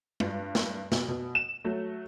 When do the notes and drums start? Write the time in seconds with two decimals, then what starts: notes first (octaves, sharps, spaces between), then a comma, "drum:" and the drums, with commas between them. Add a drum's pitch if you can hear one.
0.20 G2, drum: tom G#3
0.55 drum: snare
0.92 B2, drum: snare
1.08 B2
1.35 E7
1.65 F#3 A3